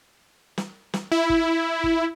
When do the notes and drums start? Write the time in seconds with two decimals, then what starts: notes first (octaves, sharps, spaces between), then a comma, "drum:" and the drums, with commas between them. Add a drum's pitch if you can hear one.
0.58 drum: snare
0.94 drum: snare
1.12 E4
1.30 drum: kick
1.84 drum: kick